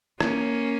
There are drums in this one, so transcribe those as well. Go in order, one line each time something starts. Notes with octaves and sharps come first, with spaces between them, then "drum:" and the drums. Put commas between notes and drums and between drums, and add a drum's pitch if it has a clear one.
A#3 C#4, drum: rim click